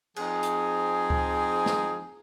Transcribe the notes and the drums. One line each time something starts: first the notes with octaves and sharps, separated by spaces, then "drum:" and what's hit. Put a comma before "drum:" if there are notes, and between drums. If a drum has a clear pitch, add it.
F3 C4 D#4 G#4, drum: cymbal
drum: hi-hat
drum: kick C#2
drum: snare